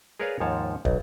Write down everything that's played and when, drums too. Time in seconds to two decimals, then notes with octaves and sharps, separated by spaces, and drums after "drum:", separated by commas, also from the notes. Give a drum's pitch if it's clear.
0.20 G#4 A#4 B4 C#5 D5 F5
0.40 D#2 G#2 F3 C#5 A5
0.85 B1, drum: kick